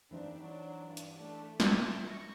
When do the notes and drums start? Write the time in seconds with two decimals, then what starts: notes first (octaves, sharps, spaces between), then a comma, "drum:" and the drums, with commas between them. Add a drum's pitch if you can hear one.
0.11 G2 E3 C4 D4 D#4
0.39 F#3
0.86 G2
0.97 drum: hi-hat
1.18 A3 D4
1.60 E4 A5, drum: snare
2.03 C#6 A#6